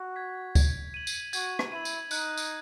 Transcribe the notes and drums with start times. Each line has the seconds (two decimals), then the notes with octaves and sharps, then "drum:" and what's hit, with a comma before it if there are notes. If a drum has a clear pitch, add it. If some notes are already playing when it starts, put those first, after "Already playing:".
Already playing: F#4
0.16 G#6 B6
0.55 G#6, drum: kick D2, tambourine
0.94 D#7 F#7
1.07 drum: tambourine
1.33 F#4 G#6, drum: tambourine
1.59 drum: rim click
1.72 E4 D#7 F#7
1.85 drum: tambourine
2.11 D#4 F#6, drum: tambourine
2.37 drum: tambourine